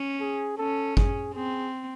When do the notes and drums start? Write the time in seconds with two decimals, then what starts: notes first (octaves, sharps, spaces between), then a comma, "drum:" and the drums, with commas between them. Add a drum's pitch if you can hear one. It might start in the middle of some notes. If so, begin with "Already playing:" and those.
Already playing: C#4
0.20 G#4
0.58 C#4 A4
0.97 G#4, drum: kick G1
1.34 C4 G#4